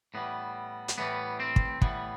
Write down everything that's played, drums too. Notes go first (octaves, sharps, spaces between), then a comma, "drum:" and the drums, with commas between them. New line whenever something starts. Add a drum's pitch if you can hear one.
A2 E3 G3 B3
drum: hi-hat
A2 E3 G3 B3
C4
drum: kick
A2 E3 G3 B3, drum: kick